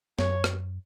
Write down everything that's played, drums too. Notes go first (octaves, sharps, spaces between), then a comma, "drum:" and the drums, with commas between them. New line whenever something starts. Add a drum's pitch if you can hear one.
F#2 C#5, drum: snare
drum: rim click